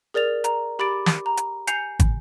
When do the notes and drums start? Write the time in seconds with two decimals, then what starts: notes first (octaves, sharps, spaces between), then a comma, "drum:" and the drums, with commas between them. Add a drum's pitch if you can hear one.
0.14 G#4 A#4 D5 A6 F7
0.44 A#5, drum: hi-hat
0.79 G4 B5 D6 A6 D7
1.06 drum: snare
1.26 A#5
1.37 drum: hi-hat
1.67 G#5 G6 C7 C#7 F7, drum: hi-hat
2.00 drum: kick, hi-hat